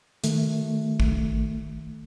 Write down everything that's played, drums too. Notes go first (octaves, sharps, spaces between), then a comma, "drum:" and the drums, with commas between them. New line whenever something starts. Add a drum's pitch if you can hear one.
D#3 A3, drum: hi-hat
drum: kick